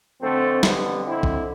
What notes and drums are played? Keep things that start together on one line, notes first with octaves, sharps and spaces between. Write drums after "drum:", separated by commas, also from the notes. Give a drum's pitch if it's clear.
F2 D3 A3 C4
G3 B3, drum: snare
C4 E4
drum: kick